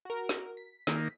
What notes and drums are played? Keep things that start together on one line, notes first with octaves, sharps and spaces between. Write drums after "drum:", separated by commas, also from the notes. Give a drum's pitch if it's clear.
F#4 A#4
drum: snare
B6
D#3 A#3, drum: snare